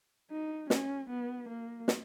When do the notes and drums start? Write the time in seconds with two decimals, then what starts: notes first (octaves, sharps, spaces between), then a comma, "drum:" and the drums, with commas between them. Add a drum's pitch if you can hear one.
0.31 D#4
0.70 C#4, drum: snare
1.10 B3
1.49 A#3
1.88 drum: snare